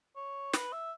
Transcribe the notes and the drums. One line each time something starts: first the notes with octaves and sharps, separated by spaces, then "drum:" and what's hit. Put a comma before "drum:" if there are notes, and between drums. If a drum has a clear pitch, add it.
C#5
B4, drum: snare
E5